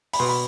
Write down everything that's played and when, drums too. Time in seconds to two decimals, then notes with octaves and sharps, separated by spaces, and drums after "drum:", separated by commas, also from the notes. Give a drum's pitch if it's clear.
0.13 B5, drum: open hi-hat
0.19 B2 C6
0.29 B5